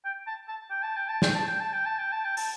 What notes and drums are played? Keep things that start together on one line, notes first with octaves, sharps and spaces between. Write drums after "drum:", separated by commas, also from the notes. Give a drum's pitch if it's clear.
G5
A5
A5
G5
A5
G5
A5
G5, drum: snare
A5
G5
A5
G5
A5
G5
A5
G5
A5, drum: open hi-hat